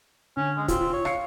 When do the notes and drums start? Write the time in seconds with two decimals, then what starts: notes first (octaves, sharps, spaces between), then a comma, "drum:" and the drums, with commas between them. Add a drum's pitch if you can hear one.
0.37 D3 C#4
0.57 G#3
0.68 C4 F4, drum: kick, hi-hat
0.93 C#5
1.05 F5 C7 C#7, drum: rim click